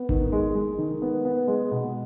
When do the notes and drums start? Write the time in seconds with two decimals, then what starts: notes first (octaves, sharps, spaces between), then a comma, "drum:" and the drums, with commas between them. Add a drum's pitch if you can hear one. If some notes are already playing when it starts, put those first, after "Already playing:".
Already playing: B3
0.09 D#3, drum: kick G#1
0.32 G#3
0.55 G#3
0.78 D#3
1.02 B3
1.25 B3
1.48 G#3
1.71 B2